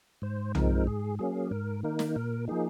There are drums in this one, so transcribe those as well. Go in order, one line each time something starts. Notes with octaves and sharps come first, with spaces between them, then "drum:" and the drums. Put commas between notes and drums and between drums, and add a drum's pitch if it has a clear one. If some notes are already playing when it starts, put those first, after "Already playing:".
G#2 C5
F3 G#3 C4 D#4 A#4, drum: tom
G#2 G#4
F#3 A#3 C#4 G#4
G#2 A#4
D#3 A#3 D#4 A#4
drum: snare
A#2 A#4
F3 A#3 D#4 G#4